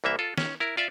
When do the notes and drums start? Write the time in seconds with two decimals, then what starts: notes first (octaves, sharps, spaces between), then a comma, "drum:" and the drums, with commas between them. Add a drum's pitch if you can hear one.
0.04 C2 E3 A#3 E5
0.19 F4 A4
0.38 C#4, drum: snare
0.60 E4 A#4
0.77 F4 D5 E5